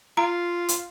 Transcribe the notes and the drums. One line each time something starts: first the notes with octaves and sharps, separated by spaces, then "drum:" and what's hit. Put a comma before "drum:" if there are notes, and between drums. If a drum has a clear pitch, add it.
F4 A#5
drum: hi-hat